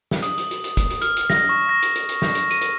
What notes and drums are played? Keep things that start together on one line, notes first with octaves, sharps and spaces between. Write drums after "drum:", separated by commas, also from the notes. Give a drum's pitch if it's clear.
drum: snare
D#6, drum: hi-hat
drum: hi-hat
drum: hi-hat
drum: hi-hat
drum: kick, hi-hat
drum: hi-hat
F6, drum: hi-hat
drum: hi-hat
A#6, drum: snare
C#6
A#6
drum: hi-hat
drum: hi-hat
drum: hi-hat
drum: snare
drum: hi-hat
D#7, drum: hi-hat
drum: hi-hat